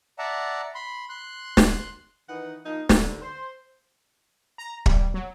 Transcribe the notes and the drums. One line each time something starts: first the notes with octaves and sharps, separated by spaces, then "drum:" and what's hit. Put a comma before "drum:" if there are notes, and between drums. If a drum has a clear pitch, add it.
D5 E5 F#5 A5 A#5
B5 C6
C6 F#6
drum: snare
D#3 E3 D#4 B4 F#5
F3 A#3 D#4
D#2 D3, drum: snare
C5
A#5
G3, drum: kick
F#3